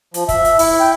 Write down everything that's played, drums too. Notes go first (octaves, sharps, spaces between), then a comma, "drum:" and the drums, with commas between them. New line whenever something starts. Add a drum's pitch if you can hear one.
F3, drum: hi-hat
E5, drum: kick, hi-hat
drum: hi-hat
E4, drum: open hi-hat
G5